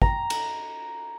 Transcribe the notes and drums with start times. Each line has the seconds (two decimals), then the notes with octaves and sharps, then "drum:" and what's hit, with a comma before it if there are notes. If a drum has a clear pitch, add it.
0.02 A#5, drum: kick
0.30 drum: cymbal